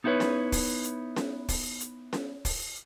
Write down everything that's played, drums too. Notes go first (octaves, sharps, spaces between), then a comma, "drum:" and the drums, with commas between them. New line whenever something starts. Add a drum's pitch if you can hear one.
B3 D#4 E4 F#4 B4 C#5
drum: snare C#4
drum: kick, open hi-hat
drum: hi-hat
drum: snare C#4
drum: kick, open hi-hat
drum: hi-hat
drum: snare C#4
drum: kick, open hi-hat